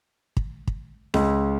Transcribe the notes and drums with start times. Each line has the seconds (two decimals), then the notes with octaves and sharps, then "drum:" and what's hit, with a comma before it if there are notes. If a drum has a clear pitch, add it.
0.37 drum: kick
0.67 drum: kick
1.14 C#2, drum: snare C#4